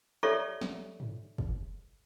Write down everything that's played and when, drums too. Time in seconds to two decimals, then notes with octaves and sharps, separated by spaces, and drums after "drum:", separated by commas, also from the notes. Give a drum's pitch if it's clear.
0.23 G4 A4 C#5 D5 E5 C#6
0.61 drum: snare
1.00 drum: tom
1.38 drum: kick F1